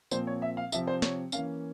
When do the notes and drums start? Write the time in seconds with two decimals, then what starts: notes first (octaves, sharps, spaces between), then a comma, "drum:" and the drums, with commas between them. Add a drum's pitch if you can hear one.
0.11 A#2 F3 C4 C5, drum: tambourine
0.27 C#5
0.42 E5
0.57 F5
0.72 C3 F3 C4 E5, drum: tambourine
0.87 C5
1.02 C#5, drum: snare
1.32 E3 A#3 C#4 F5, drum: tambourine